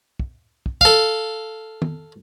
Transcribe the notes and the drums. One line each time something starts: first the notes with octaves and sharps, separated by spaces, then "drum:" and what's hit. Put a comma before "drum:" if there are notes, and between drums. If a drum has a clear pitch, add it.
drum: kick
drum: kick
A4 F5, drum: kick
drum: tom D#3